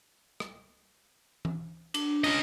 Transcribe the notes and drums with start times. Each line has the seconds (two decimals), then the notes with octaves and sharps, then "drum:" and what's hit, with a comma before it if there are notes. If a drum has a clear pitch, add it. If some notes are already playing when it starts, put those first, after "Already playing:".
0.40 drum: rim click
1.45 drum: tom E3
1.94 D4, drum: cymbal
2.24 C#4 D#5, drum: cymbal